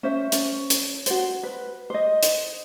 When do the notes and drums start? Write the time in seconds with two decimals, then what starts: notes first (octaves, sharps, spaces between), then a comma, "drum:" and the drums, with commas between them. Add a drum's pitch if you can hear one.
0.03 C#4 C5 E5
0.32 C#4, drum: hi-hat
0.70 drum: hi-hat
1.06 F#4 C5, drum: hi-hat
1.43 B4
1.90 C5 D#5
2.23 drum: hi-hat